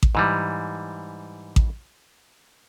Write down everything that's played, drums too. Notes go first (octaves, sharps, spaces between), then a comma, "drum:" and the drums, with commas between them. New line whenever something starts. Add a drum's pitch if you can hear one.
drum: kick A1
G#2 E3 G3
drum: kick A1